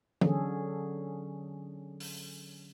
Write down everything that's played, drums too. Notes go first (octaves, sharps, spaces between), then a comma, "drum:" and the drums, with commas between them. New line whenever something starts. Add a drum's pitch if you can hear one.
D3 F#3 C#4 G#4 A4, drum: tom E3
drum: open hi-hat